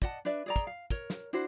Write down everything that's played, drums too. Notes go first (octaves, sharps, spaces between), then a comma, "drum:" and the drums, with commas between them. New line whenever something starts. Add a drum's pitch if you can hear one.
D5 D#5 F#5 A5, drum: kick, hi-hat
D4 B4 D5 E5
G#4 D5 A#5
drum: kick, hi-hat
F5
A#4 C#5, drum: kick, hi-hat
drum: snare
D4 E4 F#4 C5